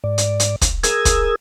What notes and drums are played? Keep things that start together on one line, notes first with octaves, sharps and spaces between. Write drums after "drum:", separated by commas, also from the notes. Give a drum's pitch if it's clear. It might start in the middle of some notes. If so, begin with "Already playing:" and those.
G#2 D5
drum: hi-hat
drum: hi-hat
drum: kick, hi-hat
G#4 A#4 D#6 E6 G#6, drum: hi-hat
drum: kick, hi-hat